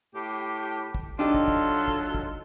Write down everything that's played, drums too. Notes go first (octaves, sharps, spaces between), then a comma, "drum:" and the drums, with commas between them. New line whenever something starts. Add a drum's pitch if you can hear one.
A2 G4
drum: kick
F#3 D4 D#4 F4 G4 A4
drum: kick
drum: kick
drum: kick
drum: kick